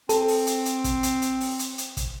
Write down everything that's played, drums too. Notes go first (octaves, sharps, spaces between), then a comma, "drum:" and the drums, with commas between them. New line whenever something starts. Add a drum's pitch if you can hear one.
C4 A4, drum: hi-hat
drum: open hi-hat
drum: hi-hat
drum: hi-hat
drum: kick, hi-hat
drum: hi-hat
drum: hi-hat
drum: open hi-hat
drum: hi-hat
drum: hi-hat
drum: kick, hi-hat